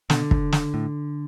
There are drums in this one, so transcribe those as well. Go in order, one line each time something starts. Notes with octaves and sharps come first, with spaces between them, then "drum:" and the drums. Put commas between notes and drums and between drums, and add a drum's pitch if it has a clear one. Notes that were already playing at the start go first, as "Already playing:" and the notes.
B2 D3, drum: snare
drum: kick
drum: snare
A2